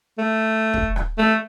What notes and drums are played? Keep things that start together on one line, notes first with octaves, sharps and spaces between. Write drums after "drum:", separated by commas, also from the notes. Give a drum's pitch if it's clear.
A3
drum: kick
drum: rim click
A3